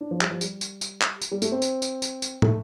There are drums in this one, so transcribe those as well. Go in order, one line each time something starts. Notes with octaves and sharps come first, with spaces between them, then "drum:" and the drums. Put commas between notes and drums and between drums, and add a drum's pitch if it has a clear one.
D4
F3
G3, drum: clap
F3
G3, drum: tambourine
drum: tambourine
drum: tambourine
drum: clap
drum: tambourine
G3
A3, drum: tambourine
C4
drum: tambourine
drum: tambourine
drum: tambourine
drum: tambourine
A3, drum: tom